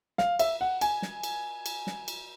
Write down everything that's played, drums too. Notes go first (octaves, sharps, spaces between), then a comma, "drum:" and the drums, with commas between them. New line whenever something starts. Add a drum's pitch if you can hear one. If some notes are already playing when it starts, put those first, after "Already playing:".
F5, drum: snare
E5, drum: cymbal
F#5
G#5, drum: cymbal
drum: snare
drum: cymbal
drum: cymbal
drum: snare
drum: cymbal